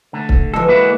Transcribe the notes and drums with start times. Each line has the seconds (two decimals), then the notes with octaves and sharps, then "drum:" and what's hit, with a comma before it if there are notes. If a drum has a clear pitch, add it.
0.13 D3 A3
0.29 drum: kick C#1
0.54 D3 E3 F3 G#3 A4
0.68 G#3 A#3 E4 F#4 B4 E5